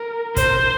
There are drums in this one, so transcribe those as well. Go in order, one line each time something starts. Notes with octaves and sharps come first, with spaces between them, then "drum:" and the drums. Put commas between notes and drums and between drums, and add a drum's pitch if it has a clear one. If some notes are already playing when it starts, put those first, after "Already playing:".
Already playing: A#4
C5, drum: kick, hi-hat